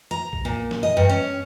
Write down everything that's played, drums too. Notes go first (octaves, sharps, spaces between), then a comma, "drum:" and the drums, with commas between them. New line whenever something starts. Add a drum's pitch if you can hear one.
A#5
drum: kick A#1
A#2
drum: snare
D#5
G2
C#4